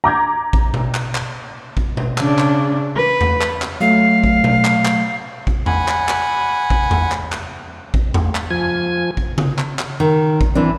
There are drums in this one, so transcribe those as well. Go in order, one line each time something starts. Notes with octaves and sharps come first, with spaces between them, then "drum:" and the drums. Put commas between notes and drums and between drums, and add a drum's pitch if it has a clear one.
A#5 D6 G6 G#6
drum: kick A1
drum: tom B2
drum: clap
drum: clap
drum: kick A1
drum: tom B2
C#3 D4, drum: clap
drum: clap
B4
drum: tom E2
drum: clap
drum: clap
F#3 A3 F5
drum: kick A1
drum: tom B2
drum: clap
drum: clap
drum: kick A1
F#5 G#5 B5, drum: tom E2
drum: clap
drum: clap
drum: kick A1
drum: tom E2
drum: clap
drum: clap
drum: kick A1
drum: tom E2
drum: clap
F3 G#5
drum: kick A1
drum: tom C#3
drum: clap
drum: clap
D#3
drum: kick A1
E3 C4 D4